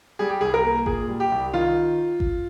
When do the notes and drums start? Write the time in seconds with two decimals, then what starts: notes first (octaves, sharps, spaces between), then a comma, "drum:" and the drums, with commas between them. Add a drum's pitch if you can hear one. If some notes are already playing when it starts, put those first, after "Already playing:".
0.19 G3 G#4
0.29 G4
0.41 C2 G#4
0.54 A#4
0.65 A#3
0.86 A#2 G#4, drum: kick G#1
1.09 G3
1.20 G4
1.32 C2
1.53 D#3 F4
2.20 drum: kick G#1